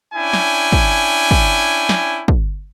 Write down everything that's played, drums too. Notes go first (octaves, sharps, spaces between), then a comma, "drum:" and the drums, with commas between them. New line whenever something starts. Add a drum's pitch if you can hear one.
C#4 D4 E4 G5 G#5
drum: snare
drum: kick
drum: kick
drum: snare
drum: kick